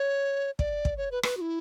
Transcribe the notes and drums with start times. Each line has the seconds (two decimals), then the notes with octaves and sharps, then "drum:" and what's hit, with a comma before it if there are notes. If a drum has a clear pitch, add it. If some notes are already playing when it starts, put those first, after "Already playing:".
Already playing: C#5
0.59 D5, drum: kick
0.85 drum: kick
0.97 C#5
1.12 B4
1.23 B4, drum: rim click
1.37 F#4
1.41 E4